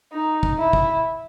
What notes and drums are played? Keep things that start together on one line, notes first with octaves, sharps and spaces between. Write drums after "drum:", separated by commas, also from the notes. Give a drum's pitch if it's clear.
D#4
drum: kick
E4
drum: kick